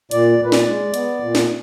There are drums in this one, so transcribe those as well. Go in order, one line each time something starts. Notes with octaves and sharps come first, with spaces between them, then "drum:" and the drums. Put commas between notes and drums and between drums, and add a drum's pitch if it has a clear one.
A#2 D5, drum: hi-hat
A#2
B4
D5, drum: snare
G#3
B3, drum: hi-hat
A#2
drum: snare